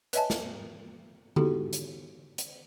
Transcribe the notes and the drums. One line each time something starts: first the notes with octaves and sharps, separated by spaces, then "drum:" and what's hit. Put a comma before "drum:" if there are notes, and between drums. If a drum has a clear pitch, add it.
B4 C#5 D#5 E5 G#5 A5, drum: hi-hat
drum: snare
B3 D#4 E4 F#4 G4 A4, drum: tom D3
drum: hi-hat
drum: hi-hat